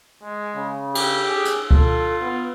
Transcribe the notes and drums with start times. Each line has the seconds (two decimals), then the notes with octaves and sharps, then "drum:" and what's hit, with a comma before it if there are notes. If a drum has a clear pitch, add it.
0.23 G#3
0.55 C#3
0.95 G4, drum: cymbal
1.29 G#4
1.45 drum: hi-hat
1.71 F4 A4, drum: kick C#2
2.22 B3